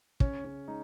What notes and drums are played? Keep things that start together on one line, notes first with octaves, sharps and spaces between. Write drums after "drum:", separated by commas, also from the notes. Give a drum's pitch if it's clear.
C#3 C#4, drum: kick
C#3 C#4
G#3 D#4